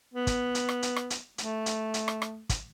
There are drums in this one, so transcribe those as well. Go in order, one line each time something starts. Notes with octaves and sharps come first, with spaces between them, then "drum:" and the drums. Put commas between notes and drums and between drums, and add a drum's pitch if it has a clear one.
B3
drum: kick, hi-hat
drum: hi-hat
drum: rim click
drum: hi-hat
drum: rim click
drum: hi-hat
A3, drum: hi-hat
drum: hi-hat
drum: hi-hat
drum: rim click
drum: rim click
drum: kick, hi-hat